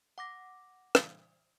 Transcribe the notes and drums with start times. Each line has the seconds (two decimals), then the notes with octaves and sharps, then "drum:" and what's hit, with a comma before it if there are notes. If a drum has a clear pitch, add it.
0.18 F#5 D6 A#6
0.95 drum: rim click